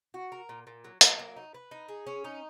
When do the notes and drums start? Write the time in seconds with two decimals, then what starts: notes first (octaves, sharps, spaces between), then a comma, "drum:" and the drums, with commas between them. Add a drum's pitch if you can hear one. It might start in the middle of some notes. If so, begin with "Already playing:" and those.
0.14 F#4
0.32 A#4
0.49 A#2
0.67 A#2
0.85 F#3
1.01 F#3, drum: hi-hat
1.19 A#3
1.36 D#4
1.54 B4
1.71 D#4
1.88 G#4
2.07 C#4
2.24 D#4